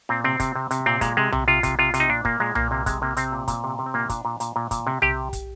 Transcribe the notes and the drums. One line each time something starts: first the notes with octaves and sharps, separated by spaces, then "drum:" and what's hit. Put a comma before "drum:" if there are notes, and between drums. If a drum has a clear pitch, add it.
A#2 C4
C3 C4
C3, drum: kick, hi-hat
C3
C3, drum: hi-hat
A#2 C4
A#2 G#3, drum: kick, hi-hat
C3 G#3
C3, drum: tom B1
C3 F4
C3, drum: kick, hi-hat
C3 F4
C3, drum: hi-hat
D#4
A#2 D4
A#2 A#3, drum: kick
A#2 G#3
A#2 A#3, drum: tom B1
C3 A#3
C3 G#3, drum: kick, hi-hat
C3 A#3
C3 C4, drum: hi-hat
A#2
A#2, drum: kick, hi-hat
C3
C3
C4
A#2 A#3
A#2 D4, drum: kick, hi-hat
A#2
A#2, drum: hi-hat
A#2
A#2, drum: kick, hi-hat
C3
C3 G4, drum: tom B1
drum: kick, hi-hat